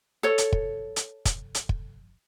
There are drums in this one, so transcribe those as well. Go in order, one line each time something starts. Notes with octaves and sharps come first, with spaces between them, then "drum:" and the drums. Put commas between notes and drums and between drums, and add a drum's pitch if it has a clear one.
A4 C#5
drum: hi-hat
drum: kick
drum: hi-hat
drum: kick, hi-hat
drum: hi-hat
drum: kick